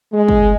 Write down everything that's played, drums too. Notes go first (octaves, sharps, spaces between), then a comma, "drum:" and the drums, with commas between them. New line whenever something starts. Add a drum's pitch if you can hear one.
G#3
drum: kick